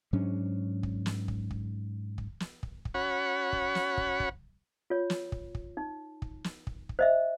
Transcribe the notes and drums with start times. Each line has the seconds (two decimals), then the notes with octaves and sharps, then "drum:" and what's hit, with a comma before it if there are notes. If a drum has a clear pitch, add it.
0.13 G#2 F#3 C#4 D4
0.83 drum: kick
1.06 drum: snare
1.28 drum: kick
1.51 drum: kick
2.18 drum: kick
2.40 drum: snare
2.63 drum: kick
2.85 drum: kick
2.94 C#4 F#4 C#5 F#5 B5
3.53 drum: kick
3.75 drum: snare
3.97 drum: kick
4.20 drum: kick
4.90 F4 C#5
5.10 drum: snare
5.32 drum: kick
5.55 drum: kick
5.77 D#4
6.22 drum: kick
6.44 drum: snare
6.67 drum: kick
6.89 drum: kick
6.99 C5 D#5 E5